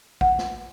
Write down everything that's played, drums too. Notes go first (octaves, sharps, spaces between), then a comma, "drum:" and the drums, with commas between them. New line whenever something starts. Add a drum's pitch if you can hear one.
F#5, drum: kick A1
drum: snare